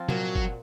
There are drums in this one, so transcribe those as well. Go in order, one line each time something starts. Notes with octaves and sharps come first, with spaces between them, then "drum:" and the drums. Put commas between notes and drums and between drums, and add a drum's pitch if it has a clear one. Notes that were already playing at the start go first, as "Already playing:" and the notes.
Already playing: F3 C4 F4
A#2 F#3, drum: tom
drum: kick F#1